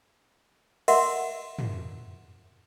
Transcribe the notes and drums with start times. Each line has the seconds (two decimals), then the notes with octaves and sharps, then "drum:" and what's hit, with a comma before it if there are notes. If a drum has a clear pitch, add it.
0.88 A#4 D#5 E5 F#5 C6, drum: cymbal
1.59 drum: tom